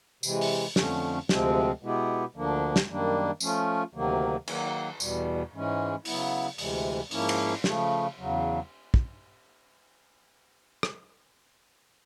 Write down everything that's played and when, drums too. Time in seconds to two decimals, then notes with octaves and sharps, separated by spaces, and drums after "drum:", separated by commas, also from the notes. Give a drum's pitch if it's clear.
0.23 C3 E3 G#3, drum: tambourine
0.41 drum: open hi-hat
0.76 F2 D3 F3 A3 C#4, drum: snare
1.29 D2 C3 F3 G#3 C4, drum: snare
1.82 B2 G#3 B3 E4 G4
2.35 D2 D3 F3 A#3 D4
2.76 drum: snare
2.88 F#2 D#3 G3 A#3 D4
3.40 F3 A3 C#4 F4, drum: tambourine
3.94 D2 C3 D#3 F#3 A#3
4.47 D#3 F#3 A#3, drum: cymbal
5.00 E2 B2 G3, drum: tambourine
5.52 G#2 E3 G#3 C#4
6.05 C#3 F#3 B3 E4, drum: open hi-hat
6.58 D2 C3 E3 G#3, drum: open hi-hat
7.11 G#2 F3 A#3 C#4 E4, drum: open hi-hat
7.29 drum: cymbal
7.64 C#3 F3 A3, drum: snare
8.18 E2 C#3 F#3
8.94 drum: kick
10.83 drum: rim click